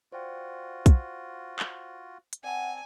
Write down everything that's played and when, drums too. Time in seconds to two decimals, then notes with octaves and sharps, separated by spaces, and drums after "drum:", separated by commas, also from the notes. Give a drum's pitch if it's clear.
0.12 F4 F#4 C5 D5 G5
0.86 drum: kick, hi-hat
1.59 drum: clap
2.33 drum: hi-hat
2.44 C4 D5 F#5 G#5 A5